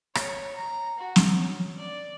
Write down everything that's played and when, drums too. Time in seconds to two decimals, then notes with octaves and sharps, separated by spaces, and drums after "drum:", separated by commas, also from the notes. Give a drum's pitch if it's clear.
0.15 C#5, drum: rim click
0.56 A#5
0.99 F#4
1.16 drum: snare
1.35 C#4
1.78 D5